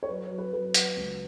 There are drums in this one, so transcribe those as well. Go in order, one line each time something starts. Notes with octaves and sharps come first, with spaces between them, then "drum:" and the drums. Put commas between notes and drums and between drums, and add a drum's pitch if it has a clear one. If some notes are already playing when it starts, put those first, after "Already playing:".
C#5
F#3 B4
F#3
B4
F#3 B4
F#3, drum: hi-hat
C#2